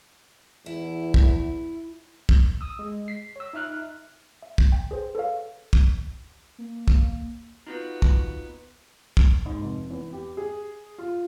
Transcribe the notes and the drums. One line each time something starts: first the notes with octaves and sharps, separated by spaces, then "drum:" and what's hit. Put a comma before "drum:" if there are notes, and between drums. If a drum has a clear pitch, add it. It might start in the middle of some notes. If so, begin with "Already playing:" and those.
E2 E4
drum: kick
drum: kick
D#6 E6
G#3
B6 C7
C#5 E6
D#4 E5 F6 F#6
E5
drum: kick
G5
G#4 B4 C5
A4 B4 C#5 F5
drum: kick
A#3
drum: kick
B3 D#4 F4 F#4
drum: kick
drum: kick
G#2
F1
E2
G4
G#4
F4